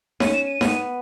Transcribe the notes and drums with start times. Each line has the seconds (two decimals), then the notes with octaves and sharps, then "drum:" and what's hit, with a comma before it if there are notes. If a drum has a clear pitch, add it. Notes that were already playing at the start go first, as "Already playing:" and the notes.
0.20 C#4 D#7, drum: snare D#4
0.33 E7
0.47 D#7
0.61 B3, drum: snare D#4